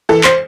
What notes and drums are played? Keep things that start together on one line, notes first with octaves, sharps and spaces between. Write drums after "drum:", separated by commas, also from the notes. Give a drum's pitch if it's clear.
E3 A4
C5, drum: clap